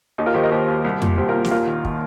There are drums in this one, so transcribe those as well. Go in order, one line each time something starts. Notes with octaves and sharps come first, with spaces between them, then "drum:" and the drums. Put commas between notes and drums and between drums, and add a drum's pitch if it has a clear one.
D#2 D#4 G4
F4 A#4
D#3 G4 C5
A#4 D#5
D#2 G4 C5
D#2
C2
A#2, drum: tom F2
C2 G4 C5
F4 A#4
A#2
G4, drum: snare
D#2 F4 A#4
D#3
D#3, drum: kick